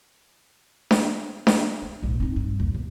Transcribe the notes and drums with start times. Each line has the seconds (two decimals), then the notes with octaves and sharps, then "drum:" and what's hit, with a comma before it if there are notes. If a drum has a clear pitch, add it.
0.91 drum: snare D4
1.47 drum: snare D4
1.82 D4
2.03 A#1 G#2
2.20 C4 D#4
2.36 G2
2.60 D#2
2.75 E2